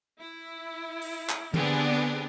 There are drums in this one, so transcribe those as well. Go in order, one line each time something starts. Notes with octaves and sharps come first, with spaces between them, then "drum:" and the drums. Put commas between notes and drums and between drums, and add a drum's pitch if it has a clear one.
E4
drum: open hi-hat
drum: clap
D3 B3 C4 D4 G4 G#4, drum: tom